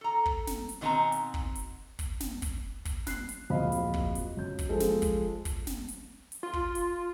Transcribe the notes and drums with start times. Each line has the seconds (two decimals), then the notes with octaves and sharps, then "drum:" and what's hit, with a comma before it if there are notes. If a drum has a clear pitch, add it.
0.01 A4 A#5
0.26 drum: kick
0.47 drum: snare
0.69 drum: hi-hat
0.81 B2 D#3 C4 B4 G#5 A#5
1.12 drum: hi-hat
1.34 drum: kick
1.55 drum: hi-hat
1.99 drum: kick, hi-hat
2.20 drum: snare
2.42 drum: kick, hi-hat
2.85 drum: kick, hi-hat
3.07 F#6 C7, drum: snare
3.29 drum: hi-hat
3.50 D1 F2 A#2 D#5 F5 B5
3.72 drum: hi-hat
3.94 drum: kick
4.15 drum: hi-hat
4.37 F#2 G6
4.59 drum: kick, hi-hat
4.69 F3 G#3 A4
4.80 drum: snare
5.02 drum: kick, hi-hat
5.45 drum: kick, hi-hat
5.67 drum: snare
5.88 drum: hi-hat
6.32 drum: hi-hat
6.43 F4
6.53 drum: kick
6.75 drum: hi-hat